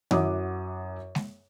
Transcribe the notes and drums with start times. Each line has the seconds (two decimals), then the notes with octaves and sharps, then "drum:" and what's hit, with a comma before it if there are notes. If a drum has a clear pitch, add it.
0.11 F#2 E4 E5 F#5 D6 D#6, drum: tom
1.15 drum: snare G#3